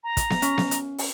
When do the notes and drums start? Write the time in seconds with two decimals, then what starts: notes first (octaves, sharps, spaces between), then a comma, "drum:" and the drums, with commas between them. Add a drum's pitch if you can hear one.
0.03 A#5
0.17 drum: kick, hi-hat
0.30 drum: snare B3
0.42 C#4, drum: hi-hat
0.58 drum: snare B3
0.71 drum: hi-hat
0.98 drum: open hi-hat